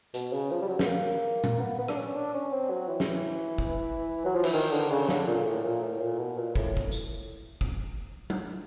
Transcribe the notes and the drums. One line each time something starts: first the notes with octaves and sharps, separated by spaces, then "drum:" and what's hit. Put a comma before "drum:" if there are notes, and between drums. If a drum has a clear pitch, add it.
B2, drum: hi-hat
C#3
F3
G3
F#3
B3, drum: snare
A#3
drum: tom A#2
B3
B3
D4, drum: rim click
C#4
D4
C#4
C4
F#3
E3
drum: snare
drum: kick
F#3
F3
E3, drum: cymbal
D#3
D3
C#3
D3, drum: snare
A#2
A2
A#2
A2
A#2
B2
A#2
A2, drum: kick
drum: kick
drum: tambourine
drum: kick
drum: tom F#3